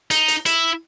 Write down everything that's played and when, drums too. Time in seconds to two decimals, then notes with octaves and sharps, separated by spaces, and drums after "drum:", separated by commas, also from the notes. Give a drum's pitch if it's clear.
0.11 D#4, drum: hi-hat
0.28 drum: hi-hat
0.46 E4, drum: hi-hat